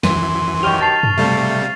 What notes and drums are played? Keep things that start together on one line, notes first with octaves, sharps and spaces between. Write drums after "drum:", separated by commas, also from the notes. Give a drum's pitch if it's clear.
F#2 E3 C6 D#7, drum: snare
D#3 F#3 G4 C#6 F6 F7
A5 A6 C7 F7
drum: tom F#2
C3 G3 A3 F5